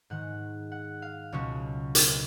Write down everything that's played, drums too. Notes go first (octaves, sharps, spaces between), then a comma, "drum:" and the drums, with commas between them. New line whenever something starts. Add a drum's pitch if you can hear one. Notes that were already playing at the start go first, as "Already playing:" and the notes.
G#2 D#3 G#3 F#5
F#5
F5
C#2 B2 F#3 C#4 C#5
B4, drum: hi-hat